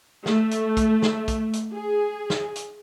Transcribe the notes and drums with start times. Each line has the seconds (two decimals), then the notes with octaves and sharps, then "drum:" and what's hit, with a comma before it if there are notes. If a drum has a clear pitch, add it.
0.26 A3, drum: snare
0.51 drum: hi-hat
0.77 drum: kick, hi-hat
1.02 drum: snare
1.28 drum: kick, hi-hat
1.53 drum: hi-hat
1.75 G#4
2.30 drum: snare
2.56 drum: hi-hat